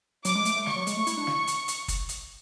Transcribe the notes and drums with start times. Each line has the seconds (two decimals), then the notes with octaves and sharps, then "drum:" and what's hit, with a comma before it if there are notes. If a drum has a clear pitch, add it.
0.25 F#3 D6, drum: hi-hat
0.35 G#3
0.45 A3, drum: hi-hat
0.55 A3
0.66 C#6, drum: snare
0.76 F#3
0.87 G#3, drum: hi-hat
0.97 A3
1.07 E4, drum: hi-hat
1.17 D4
1.27 drum: snare
1.47 drum: hi-hat
1.68 drum: hi-hat
1.88 drum: kick, hi-hat
2.09 drum: hi-hat